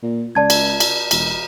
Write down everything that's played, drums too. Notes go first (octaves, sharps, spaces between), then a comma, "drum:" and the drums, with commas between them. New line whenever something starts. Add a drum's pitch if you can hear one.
A#2
C#2 D5 A5 G#6
drum: cymbal
drum: cymbal
E1, drum: cymbal